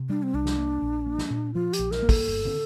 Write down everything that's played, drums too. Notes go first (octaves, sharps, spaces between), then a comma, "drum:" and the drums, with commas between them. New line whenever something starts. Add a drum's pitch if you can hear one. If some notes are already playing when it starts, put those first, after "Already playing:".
Already playing: C3
G3 D4
C4
C2 D4
drum: snare
A#3
A#1
A#3
drum: snare
A#2
F3 F4
G4, drum: hi-hat
A#1
A#4, drum: snare
A#3
A4, drum: kick, open hi-hat
G1
drum: tom